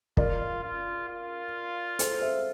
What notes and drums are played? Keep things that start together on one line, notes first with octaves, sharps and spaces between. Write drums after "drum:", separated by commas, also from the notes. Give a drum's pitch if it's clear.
F4 A#4 D5, drum: kick
F4
F4
A4 C5, drum: hi-hat
C5 E5